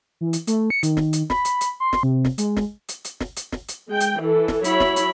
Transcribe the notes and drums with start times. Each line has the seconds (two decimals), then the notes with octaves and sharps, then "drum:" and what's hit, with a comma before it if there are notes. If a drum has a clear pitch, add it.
0.21 E3
0.33 drum: hi-hat
0.47 A3, drum: hi-hat
0.70 C#7
0.83 D#3, drum: hi-hat
0.97 drum: snare
1.13 drum: hi-hat
1.30 B5, drum: snare
1.45 drum: hi-hat
1.61 drum: hi-hat
1.80 C6
1.93 drum: snare
2.03 C3
2.25 drum: snare
2.38 G#3, drum: hi-hat
2.57 drum: snare
2.88 drum: hi-hat
3.04 drum: hi-hat
3.20 drum: snare
3.36 drum: hi-hat
3.52 drum: snare
3.68 drum: hi-hat
3.89 G#3 G5
4.00 drum: hi-hat
4.22 E3 A4
4.48 drum: snare
4.64 F#3 E4 C#5 B5, drum: hi-hat
4.80 drum: snare
4.96 drum: hi-hat